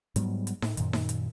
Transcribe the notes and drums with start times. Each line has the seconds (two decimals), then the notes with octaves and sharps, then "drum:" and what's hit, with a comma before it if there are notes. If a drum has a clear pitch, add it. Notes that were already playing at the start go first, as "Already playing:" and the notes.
0.16 G#2 F#3 G3 B3, drum: hi-hat
0.47 drum: hi-hat
0.62 A2, drum: snare D#4
0.77 F#2 A#2 D#3, drum: hi-hat
0.93 drum: snare D#4
1.09 drum: hi-hat